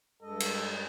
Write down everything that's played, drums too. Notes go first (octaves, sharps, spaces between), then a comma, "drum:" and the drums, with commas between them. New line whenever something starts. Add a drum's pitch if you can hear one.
G2 G#3 A4 D#5
drum: cymbal